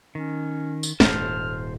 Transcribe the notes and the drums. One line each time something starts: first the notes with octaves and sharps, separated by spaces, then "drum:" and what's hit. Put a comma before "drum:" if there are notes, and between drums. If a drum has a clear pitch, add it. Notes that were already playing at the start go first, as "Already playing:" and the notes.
D#3 C#4
drum: tambourine
D#1 G#2 C5 A5 F6, drum: snare